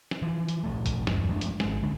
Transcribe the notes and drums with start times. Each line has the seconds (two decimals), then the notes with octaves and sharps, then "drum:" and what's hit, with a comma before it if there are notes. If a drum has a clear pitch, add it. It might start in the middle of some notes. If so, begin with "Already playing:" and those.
0.11 drum: snare
0.22 E3 F3
0.49 drum: hi-hat
0.64 A#1 F3 A3
0.86 drum: kick A1, hi-hat
1.07 E2 G2, drum: snare
1.29 F3 G#3 A3 D4
1.41 drum: hi-hat
1.60 G#1 G#3, drum: snare
1.83 D1 D3 G#3